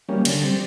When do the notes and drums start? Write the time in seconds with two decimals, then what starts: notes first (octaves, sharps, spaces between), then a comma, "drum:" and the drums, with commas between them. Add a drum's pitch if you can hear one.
0.09 G3 A#3 C#4
0.25 D3, drum: cymbal
0.42 G3 C4